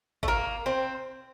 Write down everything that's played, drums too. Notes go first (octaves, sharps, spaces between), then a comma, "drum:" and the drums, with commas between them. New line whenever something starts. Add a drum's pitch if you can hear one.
A3, drum: kick
A#3
C4